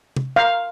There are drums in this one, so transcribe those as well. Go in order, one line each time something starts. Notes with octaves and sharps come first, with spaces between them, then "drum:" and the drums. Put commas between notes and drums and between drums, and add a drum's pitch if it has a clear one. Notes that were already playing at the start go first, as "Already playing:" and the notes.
drum: tom
F5